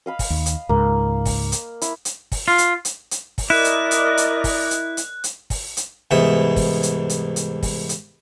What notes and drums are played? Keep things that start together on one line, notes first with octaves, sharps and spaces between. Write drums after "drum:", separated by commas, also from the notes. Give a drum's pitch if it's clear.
D#5 F5 B5
drum: kick, open hi-hat
D#2
drum: hi-hat
C#2 G#2 A#3
drum: kick, open hi-hat
drum: hi-hat
E4, drum: hi-hat
drum: hi-hat
drum: kick, open hi-hat
F4
drum: hi-hat
drum: hi-hat
drum: hi-hat
drum: kick, open hi-hat
E4 A#4 D5 D#5 F#6
drum: hi-hat
drum: hi-hat
drum: hi-hat
drum: kick, open hi-hat
drum: hi-hat
drum: hi-hat
drum: hi-hat
drum: kick, open hi-hat
drum: hi-hat
C2 G#2 E3 B3 E5 D#6
drum: kick, open hi-hat
drum: hi-hat
drum: hi-hat
drum: hi-hat
drum: kick, open hi-hat
drum: hi-hat